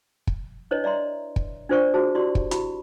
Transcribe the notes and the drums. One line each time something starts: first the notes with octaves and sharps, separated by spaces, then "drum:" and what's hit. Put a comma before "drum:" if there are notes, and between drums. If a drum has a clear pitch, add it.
drum: kick
D4 E4 B4 C#5 D#5
D5 E5 A#5 C6
drum: kick
D4 F4 C5 D5 C#6
F#4 G#4 C5 A5
E4 F#4 G4 D5 C6
drum: kick
E4 F#4 G4 B5, drum: hi-hat